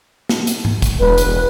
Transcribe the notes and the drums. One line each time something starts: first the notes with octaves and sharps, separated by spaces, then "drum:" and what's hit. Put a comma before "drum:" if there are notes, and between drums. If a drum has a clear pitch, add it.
drum: snare
drum: hi-hat
drum: tom G#2
drum: kick, hi-hat
E1 B4
drum: hi-hat